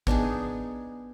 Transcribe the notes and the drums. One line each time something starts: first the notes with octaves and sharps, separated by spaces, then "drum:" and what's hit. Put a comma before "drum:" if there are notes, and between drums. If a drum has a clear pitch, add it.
B3 D4 D#4 G#4, drum: kick A1